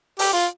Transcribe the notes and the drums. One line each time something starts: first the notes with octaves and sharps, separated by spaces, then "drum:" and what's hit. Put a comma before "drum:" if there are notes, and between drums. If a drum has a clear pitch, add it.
G4, drum: open hi-hat
F4